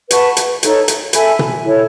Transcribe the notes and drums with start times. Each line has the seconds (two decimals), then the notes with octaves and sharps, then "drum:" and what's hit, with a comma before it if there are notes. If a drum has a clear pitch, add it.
0.11 B4 F#5 A5 C#6, drum: hi-hat
0.37 drum: hi-hat
0.63 D#4 A4 C#5, drum: hi-hat
0.88 drum: hi-hat
1.13 A4 E5 G#5 B5, drum: hi-hat
1.39 drum: tom B2
1.64 E4 A4 C#5